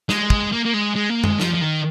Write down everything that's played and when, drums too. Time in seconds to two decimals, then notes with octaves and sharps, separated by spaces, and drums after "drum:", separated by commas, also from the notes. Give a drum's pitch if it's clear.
0.09 G#3, drum: snare
0.30 drum: kick
0.53 A#3
0.66 A#3
0.74 G#3
0.96 G#3
1.10 A#3
1.24 G#3, drum: tom F#2
1.40 F3, drum: snare
1.54 F3
1.61 D#3